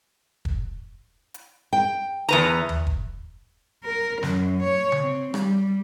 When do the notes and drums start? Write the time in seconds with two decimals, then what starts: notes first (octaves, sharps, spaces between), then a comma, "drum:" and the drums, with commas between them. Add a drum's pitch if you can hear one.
0.45 drum: kick
1.34 drum: hi-hat
1.73 G5
2.29 E2 B4 A#5
2.69 drum: tom D#2
2.87 drum: kick
3.84 A#4
4.23 F#2, drum: snare
4.64 C#5
4.92 drum: tom C#3
5.03 C4
5.34 G3, drum: rim click